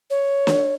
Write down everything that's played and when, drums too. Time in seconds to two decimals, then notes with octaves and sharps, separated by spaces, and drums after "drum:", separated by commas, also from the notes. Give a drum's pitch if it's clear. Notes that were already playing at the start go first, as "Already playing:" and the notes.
0.10 C#5
0.47 drum: snare